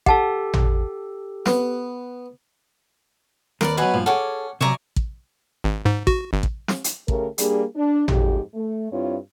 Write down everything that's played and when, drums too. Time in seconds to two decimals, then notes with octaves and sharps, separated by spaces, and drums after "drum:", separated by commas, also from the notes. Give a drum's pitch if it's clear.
0.06 G4 A4 F#5 A5, drum: kick
0.54 drum: tom
1.46 B3, drum: snare
3.61 D#2 A#4 B4 D5, drum: snare
3.77 B2 F#3 B4 F#5 G#5
3.94 G2 A#2 F3
4.06 C#4 G#4 A4 F#5 D6
4.61 C3 F#3 D5 E5 G#5 A#5 C#6
4.96 drum: kick
5.64 G#1
5.85 G#2
6.07 F#4, drum: kick
6.33 G1
6.43 drum: kick
6.68 drum: snare
6.84 drum: hi-hat
7.08 C#3 A3 G4 A#4, drum: kick
7.38 G3 A#3 D4 G#4, drum: hi-hat
7.75 D4
8.08 F2 G#2 F#3 G4, drum: tom
8.54 A3
8.90 G2 C4 E4 F4 C#5